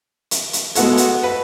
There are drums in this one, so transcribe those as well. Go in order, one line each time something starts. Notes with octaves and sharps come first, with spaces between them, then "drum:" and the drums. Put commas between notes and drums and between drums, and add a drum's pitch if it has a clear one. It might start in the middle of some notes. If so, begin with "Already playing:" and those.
drum: hi-hat
drum: hi-hat
G#3 B3 F#4 A4, drum: hi-hat
drum: hi-hat
B4